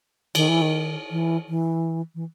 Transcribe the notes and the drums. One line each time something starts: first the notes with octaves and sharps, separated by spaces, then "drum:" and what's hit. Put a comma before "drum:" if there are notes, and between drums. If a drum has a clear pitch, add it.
D#3, drum: cymbal
E3
D#3
E3
E3
E3